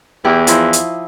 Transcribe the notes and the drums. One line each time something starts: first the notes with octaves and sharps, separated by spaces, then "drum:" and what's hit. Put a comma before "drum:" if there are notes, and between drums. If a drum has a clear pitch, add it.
E2 E4 G4
F3 E4 D#5, drum: hi-hat
drum: hi-hat